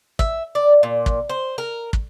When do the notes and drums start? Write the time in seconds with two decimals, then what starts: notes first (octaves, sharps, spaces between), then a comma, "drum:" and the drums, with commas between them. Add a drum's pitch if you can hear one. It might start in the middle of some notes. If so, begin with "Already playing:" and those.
0.19 E5, drum: kick
0.55 D5
0.83 A#2
1.06 drum: kick
1.30 C5
1.58 A#4
1.93 drum: kick